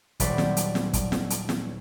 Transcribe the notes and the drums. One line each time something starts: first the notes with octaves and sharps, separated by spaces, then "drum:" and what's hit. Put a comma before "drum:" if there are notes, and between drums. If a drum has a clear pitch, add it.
D#1 F#3 G3 C5 D5 B5, drum: kick, hi-hat
drum: snare
drum: hi-hat
drum: snare
drum: kick, hi-hat
drum: snare
drum: hi-hat
drum: snare